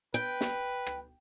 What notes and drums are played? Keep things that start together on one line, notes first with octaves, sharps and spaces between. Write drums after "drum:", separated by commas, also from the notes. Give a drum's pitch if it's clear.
B4 G5
drum: snare
drum: rim click